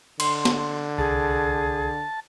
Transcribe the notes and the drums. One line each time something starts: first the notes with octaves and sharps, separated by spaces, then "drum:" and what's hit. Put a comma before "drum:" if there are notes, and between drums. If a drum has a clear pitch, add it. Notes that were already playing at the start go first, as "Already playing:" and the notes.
D3 C6, drum: cymbal
drum: snare
C2 G#4 A5